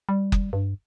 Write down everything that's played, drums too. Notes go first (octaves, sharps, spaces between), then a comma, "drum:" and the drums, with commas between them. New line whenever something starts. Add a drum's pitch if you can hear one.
G3
drum: kick F#1
G2